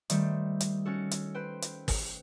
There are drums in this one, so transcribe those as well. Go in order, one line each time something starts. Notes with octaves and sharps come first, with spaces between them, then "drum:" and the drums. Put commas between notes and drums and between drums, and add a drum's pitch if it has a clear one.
D#3 G3 A3 C5, drum: hi-hat
drum: hi-hat
C#4 F#4 A4
drum: hi-hat
B4 C5 G5
drum: hi-hat
drum: kick, open hi-hat